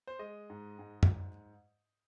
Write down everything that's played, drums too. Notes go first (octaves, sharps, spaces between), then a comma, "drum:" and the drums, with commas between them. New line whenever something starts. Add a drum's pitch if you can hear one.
C5
G#3 D#5
G#2
G#2
drum: tom